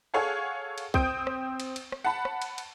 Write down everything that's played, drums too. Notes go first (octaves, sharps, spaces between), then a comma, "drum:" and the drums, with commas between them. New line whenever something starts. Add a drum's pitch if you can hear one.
G#4 A4 C#5 F5 F#5 G#5
drum: cymbal
C4 D#6 G6 D7, drum: kick B1
drum: rim click
drum: cymbal
drum: cymbal
drum: rim click
F#5 A5 B5
drum: rim click
drum: cymbal
drum: cymbal